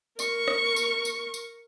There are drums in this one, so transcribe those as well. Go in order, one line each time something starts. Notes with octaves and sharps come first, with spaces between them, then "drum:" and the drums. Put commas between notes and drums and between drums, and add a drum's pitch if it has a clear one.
A#4 C#6, drum: tambourine
drum: rim click
drum: tambourine
drum: tambourine
drum: tambourine